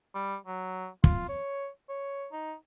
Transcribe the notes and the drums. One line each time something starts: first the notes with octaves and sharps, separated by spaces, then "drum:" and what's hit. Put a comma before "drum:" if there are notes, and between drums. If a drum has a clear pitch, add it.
G3
F#3
F4, drum: kick
C#5
C#5
D#4